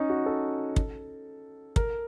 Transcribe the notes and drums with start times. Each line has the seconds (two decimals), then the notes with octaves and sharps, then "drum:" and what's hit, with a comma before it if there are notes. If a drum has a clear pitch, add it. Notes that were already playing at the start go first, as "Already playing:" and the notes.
Already playing: C#4 D#4
0.10 F#4
0.26 A4
0.76 drum: kick
1.76 A#4, drum: kick